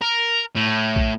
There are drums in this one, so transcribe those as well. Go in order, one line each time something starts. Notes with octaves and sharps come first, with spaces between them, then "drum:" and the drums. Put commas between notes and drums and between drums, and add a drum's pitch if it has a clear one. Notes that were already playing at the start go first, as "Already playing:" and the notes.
A#4
A2
drum: kick